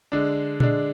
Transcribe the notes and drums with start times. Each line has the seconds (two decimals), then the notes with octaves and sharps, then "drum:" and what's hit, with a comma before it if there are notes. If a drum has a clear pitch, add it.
0.12 D3 G#3 D4
0.60 D3 G#3 D4, drum: tom A#2